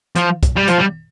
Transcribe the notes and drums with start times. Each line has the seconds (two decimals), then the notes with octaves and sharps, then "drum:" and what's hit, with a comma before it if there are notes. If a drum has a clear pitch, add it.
0.16 F3, drum: hi-hat
0.43 drum: kick, hi-hat
0.56 G3
0.68 F3, drum: hi-hat
0.78 G3